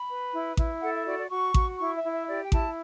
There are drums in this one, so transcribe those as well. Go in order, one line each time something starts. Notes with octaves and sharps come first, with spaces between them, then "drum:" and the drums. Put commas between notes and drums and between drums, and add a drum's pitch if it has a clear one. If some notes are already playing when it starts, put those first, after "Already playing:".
Already playing: B5
B4
E4
E4, drum: kick A1
A4 F#5
E5
F#4 D5
D5
F#4 C#6
F#4, drum: kick A1
E4 C#6
E5
E4
E5
G4 D5
G5
E4 A5, drum: kick A1